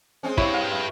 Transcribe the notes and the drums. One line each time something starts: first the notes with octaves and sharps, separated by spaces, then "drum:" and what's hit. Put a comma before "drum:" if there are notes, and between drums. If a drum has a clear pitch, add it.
G#3 C4 C#4
E4 G4 B4 C#5 F5, drum: kick
F5
E5